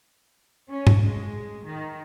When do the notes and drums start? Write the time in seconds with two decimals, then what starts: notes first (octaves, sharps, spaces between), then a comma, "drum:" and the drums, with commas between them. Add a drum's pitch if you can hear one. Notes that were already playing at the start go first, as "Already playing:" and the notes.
0.69 C#4
0.87 drum: tom G#2
1.01 G#3
1.66 D#3